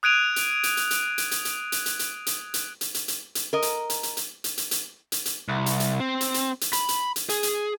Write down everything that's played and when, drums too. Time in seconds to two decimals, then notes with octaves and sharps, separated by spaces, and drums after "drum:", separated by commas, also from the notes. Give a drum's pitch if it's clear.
0.03 D#6 F#6 G#6 D7 D#7 F7
0.36 drum: hi-hat
0.63 drum: hi-hat
0.77 drum: hi-hat
0.91 drum: hi-hat
1.18 drum: hi-hat
1.31 drum: hi-hat
1.45 drum: hi-hat
1.72 drum: hi-hat
1.86 drum: hi-hat
1.99 drum: hi-hat
2.27 drum: hi-hat
2.54 drum: hi-hat
2.81 drum: hi-hat
2.94 drum: hi-hat
3.08 drum: hi-hat
3.35 drum: hi-hat
3.53 A#4 D#5
3.62 drum: hi-hat
3.90 drum: hi-hat
4.03 drum: hi-hat
4.17 drum: hi-hat
4.44 drum: hi-hat
4.58 drum: hi-hat
4.71 drum: hi-hat
5.12 drum: hi-hat
5.25 drum: hi-hat
5.48 C2
5.66 drum: hi-hat
5.80 drum: hi-hat
6.00 C4
6.21 drum: hi-hat
6.34 drum: hi-hat
6.61 drum: hi-hat
6.73 B5, drum: hi-hat
6.89 drum: hi-hat
7.16 drum: hi-hat
7.29 G#4, drum: hi-hat
7.43 drum: hi-hat